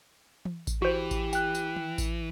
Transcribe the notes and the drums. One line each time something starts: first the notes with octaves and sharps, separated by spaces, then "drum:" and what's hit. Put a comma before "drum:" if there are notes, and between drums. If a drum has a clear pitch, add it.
drum: tom E3
drum: kick A1, tambourine
E3 F#4 G4 C5
drum: kick A1, tambourine
G5 F#6, drum: tambourine
drum: tambourine
drum: tom D#3
drum: kick A1, tambourine